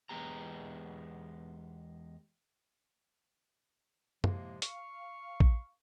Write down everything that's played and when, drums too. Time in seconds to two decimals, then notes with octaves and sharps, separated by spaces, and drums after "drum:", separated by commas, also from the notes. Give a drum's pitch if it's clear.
0.09 E2 G#3 B3 G4 A#5
4.24 A2 C3 F3 G#3 A#3, drum: tom
4.62 F5 C#6, drum: hi-hat
5.40 drum: kick